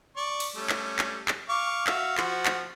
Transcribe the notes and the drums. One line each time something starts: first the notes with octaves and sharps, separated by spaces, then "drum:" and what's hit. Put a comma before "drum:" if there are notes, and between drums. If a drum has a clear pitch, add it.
D5 C#6
drum: cymbal
G3 A3 C#4
drum: clap
drum: clap
drum: clap
F5 C#6 D6
F#4 E5 F5, drum: clap
F3 F#4 C5, drum: clap
drum: clap